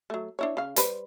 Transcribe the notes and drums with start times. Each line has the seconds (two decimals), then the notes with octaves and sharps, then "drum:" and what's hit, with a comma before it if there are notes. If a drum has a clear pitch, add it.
0.10 F#3 A3
0.39 D4 E4 C#5
0.57 C#3 F5
0.76 G3 B4 C5, drum: hi-hat